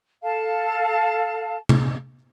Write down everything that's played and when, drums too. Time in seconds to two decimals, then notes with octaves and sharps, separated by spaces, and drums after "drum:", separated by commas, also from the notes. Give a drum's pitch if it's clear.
0.23 A4 F5 A5
1.69 drum: tom C3